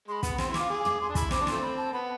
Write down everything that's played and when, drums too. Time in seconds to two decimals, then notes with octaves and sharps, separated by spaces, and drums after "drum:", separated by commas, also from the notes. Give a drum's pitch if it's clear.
0.08 G#3 B5 C6
0.23 B3, drum: kick, hi-hat
0.38 C4 C6, drum: snare
0.49 E4
0.54 D6, drum: snare
0.60 F4
0.70 G#4
0.85 drum: tom
1.00 G#4 C6
1.10 D4
1.15 E4 B5, drum: kick, hi-hat
1.31 C4 D6, drum: snare
1.41 D4
1.47 F3 A3 C4 C6, drum: snare
1.62 B5
1.77 A5
1.93 B3 B5